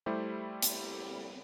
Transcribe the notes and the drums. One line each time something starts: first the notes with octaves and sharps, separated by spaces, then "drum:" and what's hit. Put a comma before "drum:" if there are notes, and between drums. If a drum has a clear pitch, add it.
G3 A3 E4 G4 C5
drum: hi-hat